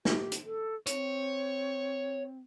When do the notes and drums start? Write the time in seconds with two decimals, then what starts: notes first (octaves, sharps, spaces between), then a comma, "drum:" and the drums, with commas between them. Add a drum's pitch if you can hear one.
0.05 G4, drum: snare
0.32 drum: hi-hat
0.45 A4
0.87 C4 C#5, drum: hi-hat